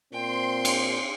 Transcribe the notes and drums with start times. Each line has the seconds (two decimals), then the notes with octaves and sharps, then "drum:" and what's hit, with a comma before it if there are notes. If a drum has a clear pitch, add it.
0.13 A#2 C4 G5 C6
0.65 drum: cymbal